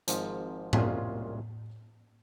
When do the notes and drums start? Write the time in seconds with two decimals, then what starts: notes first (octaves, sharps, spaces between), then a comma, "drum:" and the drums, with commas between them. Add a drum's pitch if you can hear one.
0.08 G#1 G#2 F3, drum: hi-hat
0.73 C2 A#2 G#3 C#4 F4, drum: tom A2